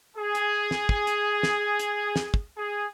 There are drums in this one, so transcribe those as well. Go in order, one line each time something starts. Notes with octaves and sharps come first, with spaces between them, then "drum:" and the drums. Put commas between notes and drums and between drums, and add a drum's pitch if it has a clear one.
G#4
drum: hi-hat
drum: snare
drum: kick
drum: hi-hat
drum: snare
drum: hi-hat
drum: snare
drum: kick
G#4